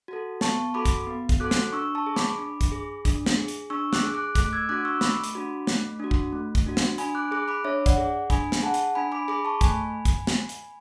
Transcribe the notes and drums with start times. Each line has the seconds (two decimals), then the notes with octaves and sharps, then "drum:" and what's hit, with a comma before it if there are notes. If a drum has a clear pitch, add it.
0.08 F#4 A4
0.41 B3 A5 C#6, drum: snare
0.74 F#4 A4 B5 D6
0.85 drum: kick, hi-hat
1.07 B3
1.29 drum: kick, hi-hat
1.40 F#4 A4 D6 F#6
1.51 drum: snare
1.73 D4 C#6 E6
1.95 A5 C#6
2.06 G#4
2.16 B5 D6, drum: snare
2.38 D4
2.61 drum: kick, hi-hat
2.72 G#4
3.05 D4, drum: kick, hi-hat
3.26 drum: snare
3.38 G#4
3.48 drum: hi-hat
3.70 D4 C#6 E6
3.93 D6 F#6, drum: snare
4.03 G#4
4.14 D6 F#6
4.35 A3 D6 F#6, drum: kick, hi-hat
4.53 E6 G#6
4.69 D4 F#4 D6 F#6
4.85 C#6 E6
5.01 A3 B5 D6, drum: snare
5.24 drum: hi-hat
5.35 D4 F#4
5.67 A3, drum: snare
6.00 D4 F#4
6.11 drum: kick
6.32 A3
6.55 drum: kick, hi-hat
6.66 D4 F#4
6.77 drum: snare
6.98 D4 G#5 B5, drum: hi-hat
7.15 D6 F#6
7.31 G#4 D6 F#6
7.48 B5 D6
7.64 D4 C#5 E5
7.86 D5 F#5, drum: kick, hi-hat
7.97 G#4
8.30 D4 G#5 B5, drum: kick, hi-hat
8.52 drum: snare
8.62 G#4 F#5 A5
8.74 drum: hi-hat
8.95 D4 G#5 B5
9.12 B5 D6
9.28 G#4 B5 D6
9.45 A5 C#6
9.61 A3 G#5 B5, drum: kick, hi-hat
10.05 drum: kick, hi-hat
10.27 drum: snare
10.49 drum: hi-hat